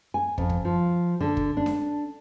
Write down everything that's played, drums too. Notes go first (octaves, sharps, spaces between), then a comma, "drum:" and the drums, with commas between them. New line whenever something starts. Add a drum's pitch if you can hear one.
G#5
F2, drum: kick
drum: kick
F3
D3
drum: kick
D4
drum: snare D4